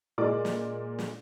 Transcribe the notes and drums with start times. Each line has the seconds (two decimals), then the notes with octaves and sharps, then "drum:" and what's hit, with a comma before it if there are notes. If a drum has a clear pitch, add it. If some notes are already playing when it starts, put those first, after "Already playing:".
0.18 A#2 G#3 D5 D6
0.45 drum: snare
0.99 drum: snare